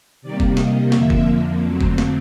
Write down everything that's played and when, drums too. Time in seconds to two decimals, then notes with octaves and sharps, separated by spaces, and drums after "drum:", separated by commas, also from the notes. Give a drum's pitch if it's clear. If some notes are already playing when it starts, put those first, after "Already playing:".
0.22 C3 D#3 G3 A#3 D5
0.40 drum: kick F1
0.57 D#5, drum: snare
0.92 F2 D3 F3 A#3 E5, drum: snare
1.10 drum: kick F1
1.63 F2 D3 F#3 A3 C4
1.81 drum: kick F1
1.98 drum: snare